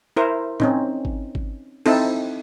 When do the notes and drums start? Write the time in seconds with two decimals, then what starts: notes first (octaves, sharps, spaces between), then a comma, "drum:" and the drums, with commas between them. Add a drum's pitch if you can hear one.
0.16 E4 A#4 C5
0.60 C4 C#4 D#4, drum: tom A2
1.05 drum: kick G#1
1.35 drum: kick G#1
1.86 C4 D#4 E4 A4, drum: cymbal